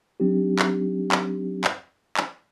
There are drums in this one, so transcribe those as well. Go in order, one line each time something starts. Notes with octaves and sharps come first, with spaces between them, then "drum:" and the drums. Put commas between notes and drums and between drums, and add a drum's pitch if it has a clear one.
F#3 C4 D4 D#4 G4
drum: clap
drum: clap
drum: clap
drum: clap